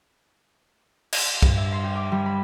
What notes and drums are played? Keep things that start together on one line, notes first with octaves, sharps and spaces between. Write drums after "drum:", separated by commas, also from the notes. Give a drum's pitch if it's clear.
drum: cymbal
G2, drum: kick C2
E5
C6
G4
D6
G3
B5